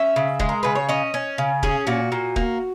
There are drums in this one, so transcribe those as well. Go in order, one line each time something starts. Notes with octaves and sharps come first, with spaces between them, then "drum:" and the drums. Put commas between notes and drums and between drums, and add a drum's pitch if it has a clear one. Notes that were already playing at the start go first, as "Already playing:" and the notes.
Already playing: C#4 E5
C#3
G#3, drum: kick
A#4
C#3 B4
C#5
C#4 D#5
C#4
C#3
C#4 G#4, drum: kick
A#2 F#4
A#2
A#3, drum: kick